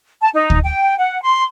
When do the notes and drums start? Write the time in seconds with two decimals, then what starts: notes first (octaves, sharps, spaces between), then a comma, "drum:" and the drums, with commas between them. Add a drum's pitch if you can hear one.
0.21 A5
0.34 D#4
0.50 drum: kick
0.63 G5
0.98 F#5
1.22 C6